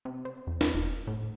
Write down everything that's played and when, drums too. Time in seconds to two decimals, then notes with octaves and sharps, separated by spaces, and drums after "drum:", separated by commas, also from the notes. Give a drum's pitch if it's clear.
0.05 C3
0.25 C4
0.47 F2
0.61 E2, drum: snare
0.74 F1
1.07 A2